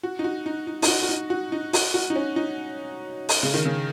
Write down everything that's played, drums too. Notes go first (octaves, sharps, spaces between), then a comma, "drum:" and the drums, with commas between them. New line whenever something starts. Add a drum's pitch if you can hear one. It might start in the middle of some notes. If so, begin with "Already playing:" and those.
F#4
D#4
F#4
D#4
D#4
D#4, drum: open hi-hat
F#4
F#4
D#4
F#4
D#4
F#4, drum: open hi-hat
F#4
D#4
C#4
D#4
drum: open hi-hat
C#3
D#3
C#3